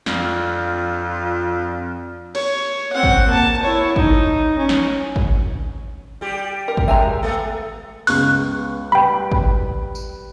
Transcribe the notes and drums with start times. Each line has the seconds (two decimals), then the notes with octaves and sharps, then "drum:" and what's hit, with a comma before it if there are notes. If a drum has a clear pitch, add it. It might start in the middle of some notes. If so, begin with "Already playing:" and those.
0.06 F2 D4 F4, drum: snare
2.35 C#5, drum: cymbal
2.93 C4 F#5
3.03 drum: kick
3.28 A#3 A5
3.63 E4 C#5
3.96 D#4, drum: kick
4.58 C#4
4.69 drum: snare
5.16 drum: kick
6.21 G3 G4
6.68 A#4
6.77 drum: kick
6.88 G#3 E5 G5 G#5 A#5
7.23 A3 B3 A4
8.07 C#2 B3 C#6 F#6, drum: open hi-hat
8.92 G3 B4 G5 B5
9.32 drum: kick
9.95 drum: tambourine